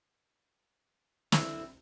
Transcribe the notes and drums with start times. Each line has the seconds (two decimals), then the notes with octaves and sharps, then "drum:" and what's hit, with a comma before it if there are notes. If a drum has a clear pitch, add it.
1.32 D3 C4 E4 E6, drum: snare